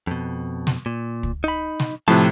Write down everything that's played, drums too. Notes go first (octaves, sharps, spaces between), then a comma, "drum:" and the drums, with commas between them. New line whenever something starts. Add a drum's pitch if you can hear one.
F2 B2
drum: snare
A#2
drum: kick
D#4 B5
drum: snare
A2 C3 F3 A5 F#6